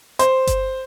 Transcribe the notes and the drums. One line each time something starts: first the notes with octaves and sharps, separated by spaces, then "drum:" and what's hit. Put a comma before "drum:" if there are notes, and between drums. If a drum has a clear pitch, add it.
C5, drum: hi-hat
drum: kick G1, hi-hat